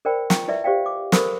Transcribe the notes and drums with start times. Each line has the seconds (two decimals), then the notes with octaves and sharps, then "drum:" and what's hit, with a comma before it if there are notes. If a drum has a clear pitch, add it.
0.05 A#4 C5 D5 G5 B5
0.30 F4 G5 A#5 C#6, drum: snare
0.48 E4 B4 D5 E5
0.64 G4 C5 D5 F5 G5
0.86 D6
1.12 A4 A#4 C5 B5 C#6 D#6, drum: snare